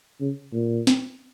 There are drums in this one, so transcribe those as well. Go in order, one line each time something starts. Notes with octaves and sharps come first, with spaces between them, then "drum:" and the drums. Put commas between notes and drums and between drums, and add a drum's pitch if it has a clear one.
C#3
A#2
drum: snare